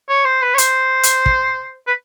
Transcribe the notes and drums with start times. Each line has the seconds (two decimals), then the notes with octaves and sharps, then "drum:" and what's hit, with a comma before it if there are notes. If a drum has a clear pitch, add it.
0.09 C#5
0.25 C5
0.42 B4
0.54 C#5
0.58 C5, drum: hi-hat
1.03 drum: hi-hat
1.26 drum: kick
1.87 B4